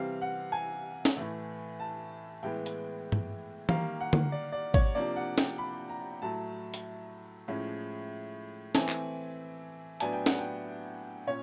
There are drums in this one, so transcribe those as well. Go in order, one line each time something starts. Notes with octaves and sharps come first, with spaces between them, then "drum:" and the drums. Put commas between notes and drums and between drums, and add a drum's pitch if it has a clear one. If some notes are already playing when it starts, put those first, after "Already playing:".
Already playing: C3 E3 G3 C4 F5
F#5
G#5
drum: snare
A2 E3 A3
A5
A2 E3 G#3 B3 G5
drum: hi-hat
drum: tom
D#3 G3 A#3 F5, drum: tom E3
F#5
drum: tom D3
D5
D5
C#5, drum: kick G#1
C3 F3 A#3 D4 D5
F#5
G5, drum: snare
B5
A#5
A2 F#3 A3 A5
drum: hi-hat
A2 F3 G#3 C#4
E3 A3 C4 G#5, drum: snare
drum: clap
A2 F#3 B3 D4 G#5, drum: hi-hat
G5
F#5, drum: snare
G5
A#2 C#4 C#5